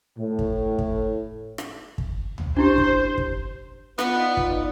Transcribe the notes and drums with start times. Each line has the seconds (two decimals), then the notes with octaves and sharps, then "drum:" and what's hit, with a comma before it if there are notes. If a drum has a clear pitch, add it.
0.19 A2
0.39 drum: kick
0.79 drum: kick
1.58 drum: rim click
1.98 drum: kick
2.38 drum: tom B1
2.57 D4 E4 G4 C5
2.78 drum: kick
3.18 drum: kick
3.99 B3 D#4 F4 D5, drum: rim click
4.37 drum: kick